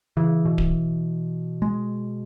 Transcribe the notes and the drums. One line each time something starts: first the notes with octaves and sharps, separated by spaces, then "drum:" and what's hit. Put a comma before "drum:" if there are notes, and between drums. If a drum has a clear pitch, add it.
C#3 E3
B2
drum: kick D1
G#3